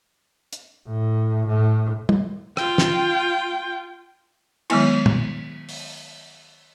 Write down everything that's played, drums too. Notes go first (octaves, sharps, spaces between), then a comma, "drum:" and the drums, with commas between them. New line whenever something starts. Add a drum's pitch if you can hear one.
drum: hi-hat
A2
A2
drum: tom
F4 G5, drum: rim click
drum: snare
D#3 F#3 G#3 B3 E4, drum: cymbal
drum: tom
drum: open hi-hat